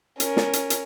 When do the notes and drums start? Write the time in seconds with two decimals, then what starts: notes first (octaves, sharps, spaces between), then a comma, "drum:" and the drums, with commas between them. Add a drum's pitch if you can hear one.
0.20 C#4 A#4, drum: hi-hat
0.37 drum: snare
0.53 drum: hi-hat
0.70 drum: hi-hat